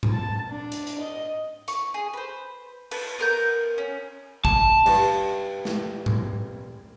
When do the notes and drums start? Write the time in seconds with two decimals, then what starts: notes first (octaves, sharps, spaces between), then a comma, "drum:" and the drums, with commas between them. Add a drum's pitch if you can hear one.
0.03 drum: tom G#2
0.12 A5
0.50 D4
0.72 drum: hi-hat
0.87 drum: hi-hat
0.99 D#5
1.68 C#6, drum: hi-hat
1.94 G#4
2.13 B4 C5
2.91 B4 A5, drum: cymbal
3.19 B3 A#4 G6
3.78 C#4
4.45 A5, drum: kick
4.86 G2, drum: cymbal
5.65 drum: snare
6.06 drum: tom G#2